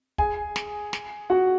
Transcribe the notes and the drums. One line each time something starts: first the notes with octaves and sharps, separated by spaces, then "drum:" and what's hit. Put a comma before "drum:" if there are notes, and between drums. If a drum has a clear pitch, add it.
G#4 G#5, drum: kick
drum: snare
drum: snare
F#4 F#5